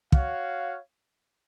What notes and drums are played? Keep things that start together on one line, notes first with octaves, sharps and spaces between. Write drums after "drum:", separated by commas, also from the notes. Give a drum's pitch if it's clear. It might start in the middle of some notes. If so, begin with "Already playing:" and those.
F#4 C#5 F5, drum: kick